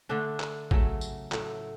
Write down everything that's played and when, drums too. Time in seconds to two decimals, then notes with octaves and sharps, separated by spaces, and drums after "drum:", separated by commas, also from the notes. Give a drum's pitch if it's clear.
0.09 D3 A3 D4
0.40 drum: clap
0.71 C#3 F#3 A3, drum: kick
1.01 drum: tambourine
1.32 A2 F#3 A3, drum: clap